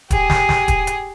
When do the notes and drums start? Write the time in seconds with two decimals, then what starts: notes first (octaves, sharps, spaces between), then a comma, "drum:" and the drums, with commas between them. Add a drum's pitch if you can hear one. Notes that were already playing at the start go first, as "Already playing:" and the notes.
0.10 G4 G#4, drum: kick D#1, hi-hat
0.30 drum: snare
0.49 drum: snare
0.68 drum: kick D#1, hi-hat
0.87 drum: hi-hat